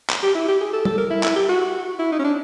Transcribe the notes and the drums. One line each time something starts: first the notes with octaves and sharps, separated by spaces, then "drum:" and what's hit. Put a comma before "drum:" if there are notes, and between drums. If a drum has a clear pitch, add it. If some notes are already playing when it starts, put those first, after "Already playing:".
drum: clap
G4
E4
G4
G#4
A4
A4, drum: tom G3
A#4
E4
E4, drum: clap
G4
F#4
E4
D#4
C#4
D4